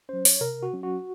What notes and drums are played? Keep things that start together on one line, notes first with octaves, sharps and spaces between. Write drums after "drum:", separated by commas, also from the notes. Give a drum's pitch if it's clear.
F#3 C#4 C5
C#5, drum: open hi-hat
C3 A#4
F#4
F#3 C#4
F#4